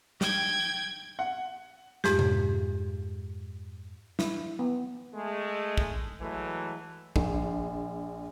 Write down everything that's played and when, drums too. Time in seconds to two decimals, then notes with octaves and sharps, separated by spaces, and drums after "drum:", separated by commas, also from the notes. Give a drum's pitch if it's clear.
0.21 G5 G#6, drum: snare
1.19 F#5
2.04 F2 G#2 G#3 G4, drum: snare
2.19 drum: tom B2
4.19 E4, drum: snare
4.59 B3
5.14 G#3 A3
5.78 drum: kick
6.20 E3 F#3 G#3 A3
7.16 A#1, drum: kick